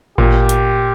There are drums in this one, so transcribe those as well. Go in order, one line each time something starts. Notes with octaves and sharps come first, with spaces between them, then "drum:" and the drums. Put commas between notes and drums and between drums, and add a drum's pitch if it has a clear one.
A#2 G4, drum: kick G#1
drum: hi-hat